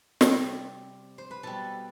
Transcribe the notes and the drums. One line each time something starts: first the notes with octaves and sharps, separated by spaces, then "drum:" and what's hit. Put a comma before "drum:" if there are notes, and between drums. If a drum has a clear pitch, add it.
C3 G3, drum: snare
C5
B4
B2 G3 A4